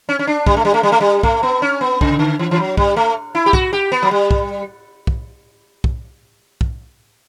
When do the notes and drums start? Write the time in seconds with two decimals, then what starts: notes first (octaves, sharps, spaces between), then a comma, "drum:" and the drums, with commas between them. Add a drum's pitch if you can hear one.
0.09 C#4
0.19 C#4
0.27 D4
0.46 G3, drum: kick
0.57 A3
0.65 G3
0.74 A3
0.83 G3
0.92 A3
1.00 G3
1.23 A3, drum: kick
1.43 B3
1.62 C#4
1.81 B3
2.01 C#3, drum: kick
2.19 D3
2.39 E3
2.51 E3
2.58 F#3
2.77 G3, drum: kick
2.96 A3
3.35 E4
3.46 G4
3.53 F#4, drum: kick
3.73 G4
3.92 B3
4.02 F#3
4.11 G3
4.31 drum: kick
5.07 drum: kick
5.84 drum: kick
6.61 drum: kick